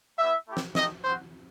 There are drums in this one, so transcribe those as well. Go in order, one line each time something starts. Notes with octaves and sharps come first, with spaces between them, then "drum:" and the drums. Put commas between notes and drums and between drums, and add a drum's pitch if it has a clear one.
G3 B3 E4 E5
A3 E4 G4
drum: snare
A3 D#4 G4 D#5, drum: snare
C4 F#4 C5